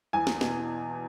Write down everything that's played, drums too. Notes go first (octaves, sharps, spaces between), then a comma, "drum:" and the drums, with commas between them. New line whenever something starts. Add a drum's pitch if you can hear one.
E2 G#5
drum: snare
B2, drum: snare